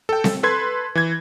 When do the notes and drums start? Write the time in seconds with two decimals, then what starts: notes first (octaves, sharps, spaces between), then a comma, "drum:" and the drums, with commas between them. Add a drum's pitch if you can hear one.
0.09 A4 G5
0.24 drum: snare C4
0.43 A4 B4 C6 G#6
0.95 E3 G#6